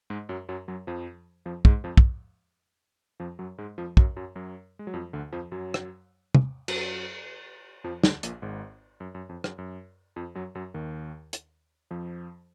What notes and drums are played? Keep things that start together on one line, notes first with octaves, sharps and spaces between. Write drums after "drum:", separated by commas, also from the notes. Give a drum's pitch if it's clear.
G#2 G#3
F#2 F#3
F#2 F#3
F#2 F#3
F2 F3
F2 F3
G#2 G#3, drum: kick
F2 F3
drum: kick
F2 F3
F#2 F#3
G#2 G#3
F2 F3
F#2 F#3, drum: kick
F#2 F#3
F#2 F#3
G#3
F#3
F2 F3
D2 D3
F2 F3
F#2 F#3
drum: rim click
drum: tom
F#2 F#3, drum: cymbal
F2 F3
D2 D3, drum: snare
A#1 A#2, drum: hi-hat
G#1 G#2
F#2
F#2
F2
F#2, drum: rim click
F#2
F2 F3
F#2 F#3
F#2 F#3
D#2 D#3
drum: hi-hat
F2 F3